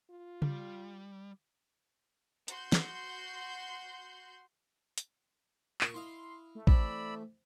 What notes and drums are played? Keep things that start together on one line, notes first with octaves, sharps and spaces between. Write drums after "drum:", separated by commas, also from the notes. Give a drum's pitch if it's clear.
F4
G3, drum: tom C#3
F#4 C6 G6, drum: hi-hat
drum: snare
drum: hi-hat
A#2 C#6, drum: clap
E4 D#5 F5 C6
A3
E3 C4 D5 B5 E6, drum: kick